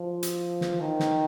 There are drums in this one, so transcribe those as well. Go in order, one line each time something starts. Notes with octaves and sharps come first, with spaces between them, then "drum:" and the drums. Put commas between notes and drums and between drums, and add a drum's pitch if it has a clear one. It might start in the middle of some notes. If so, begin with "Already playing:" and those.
Already playing: F3
drum: hi-hat
drum: snare
D#3
drum: snare